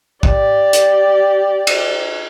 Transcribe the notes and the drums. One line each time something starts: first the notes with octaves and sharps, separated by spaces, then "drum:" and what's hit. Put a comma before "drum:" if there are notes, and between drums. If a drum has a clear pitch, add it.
G4 D5, drum: kick
drum: hi-hat
drum: cymbal